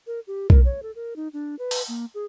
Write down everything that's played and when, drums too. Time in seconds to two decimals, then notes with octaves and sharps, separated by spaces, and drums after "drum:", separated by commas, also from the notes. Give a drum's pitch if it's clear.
0.07 A#4
0.27 G4
0.50 A#4, drum: kick B1
0.65 C#5
0.83 A4
0.95 A#4
1.16 D#4
1.33 D4
1.59 B4
1.71 drum: open hi-hat
1.88 A#3
2.15 G#4